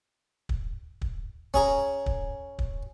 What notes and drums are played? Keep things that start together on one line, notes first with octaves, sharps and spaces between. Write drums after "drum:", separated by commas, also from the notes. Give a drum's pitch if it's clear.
drum: kick
drum: kick
C#4 G#4 A#5, drum: kick
drum: kick
drum: kick